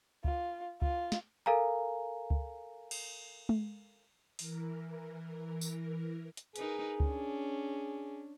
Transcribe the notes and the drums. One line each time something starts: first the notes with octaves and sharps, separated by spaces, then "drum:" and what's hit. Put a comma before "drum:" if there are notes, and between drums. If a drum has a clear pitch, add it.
F4, drum: kick C#2
F4, drum: kick C#2
drum: snare
A4 A#4 F5 G#5 A#5
drum: kick C#2
drum: cymbal
drum: tom G#3
E3 A#4, drum: open hi-hat
drum: tambourine
drum: hi-hat
D#4 G#4 A#4 B4, drum: hi-hat
C#4 D4, drum: kick C#2